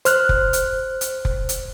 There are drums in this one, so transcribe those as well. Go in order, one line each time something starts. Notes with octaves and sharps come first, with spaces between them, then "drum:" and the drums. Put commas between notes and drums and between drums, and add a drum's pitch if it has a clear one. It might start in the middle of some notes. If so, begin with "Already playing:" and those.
C5 F6 F#6, drum: hi-hat
drum: kick F1
drum: hi-hat
drum: hi-hat
drum: kick F1
drum: hi-hat